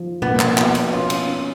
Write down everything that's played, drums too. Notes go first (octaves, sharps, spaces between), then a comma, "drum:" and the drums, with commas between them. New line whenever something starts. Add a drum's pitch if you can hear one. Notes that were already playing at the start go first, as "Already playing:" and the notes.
Already playing: F3
A#3 B3, drum: tom B2
drum: clap
B2, drum: clap
drum: cymbal
C#4 F4
drum: cymbal
C#4